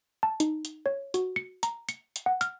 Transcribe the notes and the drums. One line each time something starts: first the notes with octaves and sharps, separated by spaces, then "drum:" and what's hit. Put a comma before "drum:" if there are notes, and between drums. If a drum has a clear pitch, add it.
A5
D#4, drum: hi-hat
drum: hi-hat
C#5
F#4, drum: hi-hat
C#7
A#5, drum: hi-hat
C#7, drum: hi-hat
drum: hi-hat
F#5
F6, drum: hi-hat